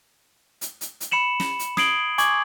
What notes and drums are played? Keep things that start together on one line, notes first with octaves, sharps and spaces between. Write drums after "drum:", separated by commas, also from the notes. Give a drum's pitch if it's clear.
drum: hi-hat
drum: hi-hat
drum: hi-hat
B5 C#7 E7 F#7
drum: snare
drum: hi-hat
D#6 G#6 C7 D7 F#7 G7, drum: snare
G#5 C#6 D6 G#6 F#7, drum: hi-hat